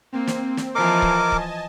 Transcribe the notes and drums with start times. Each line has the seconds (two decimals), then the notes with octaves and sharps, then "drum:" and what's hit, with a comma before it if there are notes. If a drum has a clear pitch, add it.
0.13 A#3 C4
0.27 drum: snare
0.57 drum: snare
0.75 E3 F3 A#4 D#5 G#5 A5 D6
1.02 drum: kick C#1
1.32 drum: kick C#1